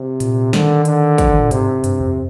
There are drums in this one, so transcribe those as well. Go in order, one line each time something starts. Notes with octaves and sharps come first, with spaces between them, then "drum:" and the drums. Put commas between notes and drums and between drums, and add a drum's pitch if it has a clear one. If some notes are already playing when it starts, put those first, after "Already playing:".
Already playing: C3
A#2, drum: hi-hat
D3 D#3, drum: snare
D3, drum: hi-hat
F3, drum: kick, hi-hat
D#3
A#2
G#2 C3, drum: hi-hat
G2, drum: hi-hat
F2